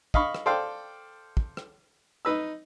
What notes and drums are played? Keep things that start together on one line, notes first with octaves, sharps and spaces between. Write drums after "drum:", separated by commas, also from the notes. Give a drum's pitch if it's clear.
D#5 F5 B5 C#6, drum: kick
drum: rim click
A4 C5 D5 F5 G5
drum: kick
drum: rim click
D#4 B4 E6